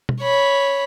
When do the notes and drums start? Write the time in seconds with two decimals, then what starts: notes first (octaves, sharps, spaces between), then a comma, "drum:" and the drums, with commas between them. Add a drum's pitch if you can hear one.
0.09 drum: tom B2
0.21 C#5 B5